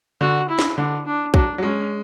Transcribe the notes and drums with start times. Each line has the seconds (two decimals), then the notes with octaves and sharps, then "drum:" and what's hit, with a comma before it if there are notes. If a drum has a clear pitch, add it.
0.21 D3 F#4
0.49 E4
0.59 drum: snare
0.78 D3 D4
1.06 D4
1.34 F#3 D4, drum: kick
1.58 F#3
1.63 G#3 C#4